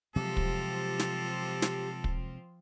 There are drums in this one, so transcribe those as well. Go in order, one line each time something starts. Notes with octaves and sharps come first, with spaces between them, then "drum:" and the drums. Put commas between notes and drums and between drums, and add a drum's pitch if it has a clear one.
C3 F3 F#3 G#3 C4 F4 G4 A4
drum: kick
drum: snare
drum: snare
drum: kick